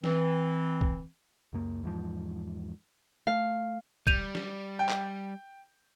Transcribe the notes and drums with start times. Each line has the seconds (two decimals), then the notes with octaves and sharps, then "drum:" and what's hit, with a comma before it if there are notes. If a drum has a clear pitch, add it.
0.04 E3 C4, drum: snare
0.81 drum: kick
1.53 C#2 F#2 A#3
1.83 E2 G#2 F3
3.27 A3 F5
4.07 G3 G6 D#7 F7, drum: kick
4.35 drum: snare
4.79 G5
4.89 drum: clap